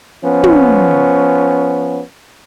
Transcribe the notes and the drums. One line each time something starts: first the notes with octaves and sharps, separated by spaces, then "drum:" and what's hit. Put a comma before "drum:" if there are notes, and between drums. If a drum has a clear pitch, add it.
F3 B3 C#4
drum: tom